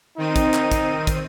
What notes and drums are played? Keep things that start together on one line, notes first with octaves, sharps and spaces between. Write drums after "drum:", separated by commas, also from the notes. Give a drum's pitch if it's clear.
D#3 C4 D#4 D#7
drum: kick, hi-hat
drum: clap
drum: kick, hi-hat
drum: kick, hi-hat